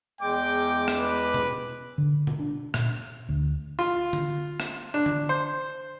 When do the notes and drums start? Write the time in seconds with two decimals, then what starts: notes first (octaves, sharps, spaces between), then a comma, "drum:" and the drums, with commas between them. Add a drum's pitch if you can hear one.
0.21 E2 G#3 G5 D6
0.88 drum: rim click
0.99 B4
1.34 drum: tom B2
1.98 D3
2.27 drum: tom B2
2.39 D4
2.74 A#2, drum: rim click
3.29 D2
3.79 F4
4.13 drum: tom D3
4.60 drum: rim click
4.94 D4
5.06 drum: tom D3
5.29 C5